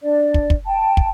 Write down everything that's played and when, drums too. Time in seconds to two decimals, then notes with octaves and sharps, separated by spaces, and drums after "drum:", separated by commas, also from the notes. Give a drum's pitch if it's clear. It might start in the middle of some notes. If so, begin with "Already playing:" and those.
0.02 D4 D5
0.34 drum: kick
0.50 drum: kick
0.66 G5 A5
0.97 drum: kick